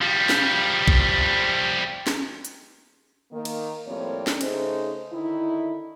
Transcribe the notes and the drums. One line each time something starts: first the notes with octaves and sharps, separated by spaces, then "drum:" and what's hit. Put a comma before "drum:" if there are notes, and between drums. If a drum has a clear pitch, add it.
F3 G3
drum: snare
drum: kick A#1
drum: snare
drum: hi-hat
D#3 A#3
drum: cymbal
A2 F3 G3 A#3 C4 C#5
drum: snare
C#3 A3 D#4 G#4 C5, drum: cymbal
D3 D#3 D#4 E4